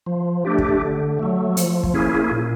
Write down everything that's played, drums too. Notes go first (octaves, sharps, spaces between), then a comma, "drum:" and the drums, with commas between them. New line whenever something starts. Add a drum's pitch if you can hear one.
F3
A3 D4 G4
drum: kick
D3
F#3 A3
F3, drum: hi-hat
drum: kick
A#3 C#4 E4 G#4
A#2